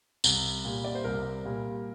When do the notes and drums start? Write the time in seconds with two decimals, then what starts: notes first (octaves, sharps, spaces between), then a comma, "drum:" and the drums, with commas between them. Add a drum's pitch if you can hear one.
0.24 C2, drum: tambourine
0.65 A#2 G3
0.84 D5
0.95 C5
1.04 C2 A#4
1.45 A#2 G3